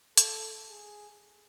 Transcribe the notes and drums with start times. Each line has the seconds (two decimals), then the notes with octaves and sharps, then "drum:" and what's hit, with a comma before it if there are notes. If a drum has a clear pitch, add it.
0.17 A4, drum: hi-hat
0.70 G#4